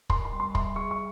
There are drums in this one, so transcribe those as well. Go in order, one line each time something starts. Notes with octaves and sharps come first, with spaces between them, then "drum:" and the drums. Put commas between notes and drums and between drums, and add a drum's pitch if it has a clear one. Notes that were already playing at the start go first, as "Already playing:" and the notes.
A#4 C6, drum: kick
C6
G3
C6
E5 C6, drum: kick
G#4 C#6
C#6